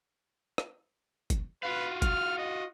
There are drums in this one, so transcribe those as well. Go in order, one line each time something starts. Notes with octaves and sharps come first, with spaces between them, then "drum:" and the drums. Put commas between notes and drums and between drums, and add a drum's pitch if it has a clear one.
drum: rim click
drum: kick, hi-hat
F4 F#4 B4 F5
F6, drum: kick, hi-hat
D#5